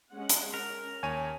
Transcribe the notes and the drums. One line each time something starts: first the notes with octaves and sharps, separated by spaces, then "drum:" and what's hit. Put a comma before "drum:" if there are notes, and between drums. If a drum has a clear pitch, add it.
G#3 C#4 F#5
drum: hi-hat
C#4 A#4
D#2 C#5 G#5 D#7